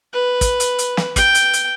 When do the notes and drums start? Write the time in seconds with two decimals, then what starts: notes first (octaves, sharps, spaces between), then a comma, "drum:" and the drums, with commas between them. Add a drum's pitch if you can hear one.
0.13 B4
0.41 drum: kick, hi-hat
0.60 drum: hi-hat
0.79 drum: hi-hat
0.97 drum: snare
1.16 G5, drum: kick, hi-hat
1.35 drum: hi-hat
1.53 drum: hi-hat